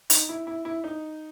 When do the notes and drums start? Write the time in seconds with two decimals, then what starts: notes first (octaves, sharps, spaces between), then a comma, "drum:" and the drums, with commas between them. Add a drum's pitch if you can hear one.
0.10 D#4, drum: hi-hat
0.29 E4
0.47 E4
0.65 E4
0.84 D#4